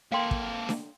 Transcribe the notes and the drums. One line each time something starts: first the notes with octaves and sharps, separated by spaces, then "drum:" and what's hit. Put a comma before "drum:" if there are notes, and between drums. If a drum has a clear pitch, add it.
A#3 A4 F5 G5 C6
drum: kick
drum: snare D4